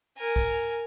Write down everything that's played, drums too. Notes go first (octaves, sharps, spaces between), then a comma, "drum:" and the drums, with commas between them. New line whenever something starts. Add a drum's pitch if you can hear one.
A#4 G#5
drum: kick